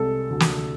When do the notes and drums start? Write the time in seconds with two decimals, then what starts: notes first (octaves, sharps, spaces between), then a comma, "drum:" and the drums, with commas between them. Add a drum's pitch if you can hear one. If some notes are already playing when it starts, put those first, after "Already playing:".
Already playing: C2 G#3 A4
0.30 D2
0.40 drum: snare